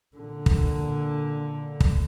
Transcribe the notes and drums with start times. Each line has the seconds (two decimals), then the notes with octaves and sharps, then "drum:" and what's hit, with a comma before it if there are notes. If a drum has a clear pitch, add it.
0.17 A#2 D3
0.46 drum: kick
1.80 drum: kick